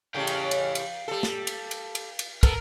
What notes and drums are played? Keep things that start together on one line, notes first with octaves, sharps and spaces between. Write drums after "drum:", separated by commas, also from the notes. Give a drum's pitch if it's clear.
A2 C#3 G3 F5 G5
drum: cymbal
drum: cymbal
drum: cymbal
G3 A4
drum: snare
drum: cymbal
drum: cymbal
drum: cymbal
drum: cymbal
B3 A4 A#4, drum: kick, cymbal